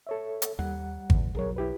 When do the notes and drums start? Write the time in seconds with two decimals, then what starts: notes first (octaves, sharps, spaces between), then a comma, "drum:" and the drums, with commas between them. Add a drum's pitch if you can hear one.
0.07 A4 C#5 E5
0.42 drum: hi-hat
0.59 D#2 G3 F#5
1.10 E2, drum: kick G#1
1.35 B1 F#3 G#4 A#4 C#5
1.56 E4 G4 B4